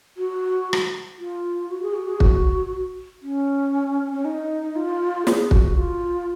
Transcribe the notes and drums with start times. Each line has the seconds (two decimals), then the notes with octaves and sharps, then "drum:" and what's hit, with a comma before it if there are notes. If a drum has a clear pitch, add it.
0.17 F#4
0.73 drum: rim click
1.19 F4
1.69 F#4
1.82 G#4
1.94 F#4
2.08 G#4
2.20 F#4, drum: kick
3.22 C#4
4.13 C#4
4.25 D#4
4.76 F4
5.27 G#4, drum: snare
5.51 F#4, drum: kick
5.77 F4